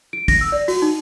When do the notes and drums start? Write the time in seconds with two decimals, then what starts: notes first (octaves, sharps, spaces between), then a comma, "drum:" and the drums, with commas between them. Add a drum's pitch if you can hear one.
0.13 D7
0.28 A#6, drum: kick, open hi-hat
0.41 E6
0.52 D5
0.68 F#4, drum: open hi-hat
0.82 D#4